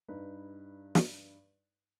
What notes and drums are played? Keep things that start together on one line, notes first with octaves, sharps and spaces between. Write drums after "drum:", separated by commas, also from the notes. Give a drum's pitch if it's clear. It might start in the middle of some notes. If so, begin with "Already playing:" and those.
G2 D#4 B4
drum: snare